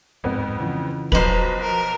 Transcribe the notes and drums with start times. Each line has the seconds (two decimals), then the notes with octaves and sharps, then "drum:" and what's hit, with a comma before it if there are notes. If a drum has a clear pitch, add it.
0.24 D1 F2 G#2 B3
0.60 C#3 E3 F3
1.12 B1 F3 F#3 B4 C5 D#5 A#5 F#7, drum: kick
1.60 A#4